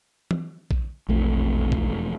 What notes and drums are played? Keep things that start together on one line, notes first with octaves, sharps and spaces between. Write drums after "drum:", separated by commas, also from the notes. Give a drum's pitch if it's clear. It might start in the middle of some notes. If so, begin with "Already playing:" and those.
drum: tom E3
drum: kick A#1
E1 A#1 F2 A3
drum: kick A#1